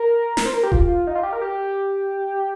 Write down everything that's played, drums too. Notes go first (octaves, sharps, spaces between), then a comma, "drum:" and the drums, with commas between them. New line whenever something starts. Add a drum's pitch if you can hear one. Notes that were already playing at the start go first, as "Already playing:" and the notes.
Already playing: A#4
A#4, drum: snare
C5
A#4
G4
F4, drum: kick D#1
D#4
F4
G4
A#4
G4